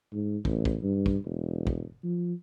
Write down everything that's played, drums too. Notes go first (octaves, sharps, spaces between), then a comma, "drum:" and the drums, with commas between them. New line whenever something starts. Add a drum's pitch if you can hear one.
G#2
A1, drum: kick
drum: kick
G2
drum: kick
E1
drum: kick
F3